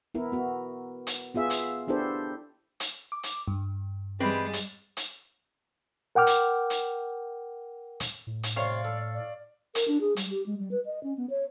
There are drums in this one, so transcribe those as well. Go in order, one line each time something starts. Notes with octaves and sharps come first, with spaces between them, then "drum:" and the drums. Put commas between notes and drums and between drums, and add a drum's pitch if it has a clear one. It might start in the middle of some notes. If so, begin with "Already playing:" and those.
B3 E4 A#4
B3 F#4
drum: hi-hat
B3 F4 G#4 E5
drum: hi-hat
B3 D4 E4 G4 A4 C5
drum: hi-hat
D6
drum: hi-hat
G2
E3 G3 G#3 C4 B4 A6
drum: hi-hat
drum: hi-hat
A#4 F#5 G5 D6 F6
drum: hi-hat
drum: hi-hat
drum: hi-hat
A2
drum: hi-hat
C3 C#5 D5 F5 C6
A4
D5
A#4, drum: hi-hat
D4
G#4
G3, drum: hi-hat
G4
G#3
G3
B4
D#5
C#4
B3
C#5